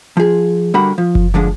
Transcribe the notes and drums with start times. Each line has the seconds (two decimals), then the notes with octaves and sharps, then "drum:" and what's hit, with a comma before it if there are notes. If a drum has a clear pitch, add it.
0.17 F3 G#4
0.74 D3 G3 F#4 A#4 F#5 B5
0.98 F3
1.15 drum: kick F#1
1.34 D3 F3 G#3 D4